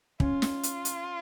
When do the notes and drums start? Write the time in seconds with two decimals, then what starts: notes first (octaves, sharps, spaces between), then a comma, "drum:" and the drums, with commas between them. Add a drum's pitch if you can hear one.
0.20 C#4 F4, drum: kick
0.42 drum: snare
0.63 drum: hi-hat
0.85 drum: hi-hat